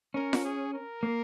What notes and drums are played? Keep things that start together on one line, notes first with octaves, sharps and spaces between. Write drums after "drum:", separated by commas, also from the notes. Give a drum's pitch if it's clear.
C#4 A#4
drum: snare F4
G#4
A#4
A#3